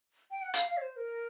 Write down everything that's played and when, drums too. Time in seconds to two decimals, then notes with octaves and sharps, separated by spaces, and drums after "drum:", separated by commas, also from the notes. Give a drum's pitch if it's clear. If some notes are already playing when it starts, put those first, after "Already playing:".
0.31 G5
0.42 F#5
0.54 F5, drum: hi-hat
0.68 F5
0.77 C#5
0.82 C5
0.96 A#4